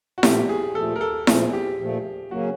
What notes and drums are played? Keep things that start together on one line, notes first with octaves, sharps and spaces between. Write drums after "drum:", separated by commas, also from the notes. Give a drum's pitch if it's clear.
F#4
A#2 F3 A3 G4, drum: snare E4
G#4
A#2 F3 A3 A4
A#4
A4
A#2 F3 A3 G#4, drum: snare E4
G4
A#2 F3 A3
C#3 F#3 A#3 C#4 F#4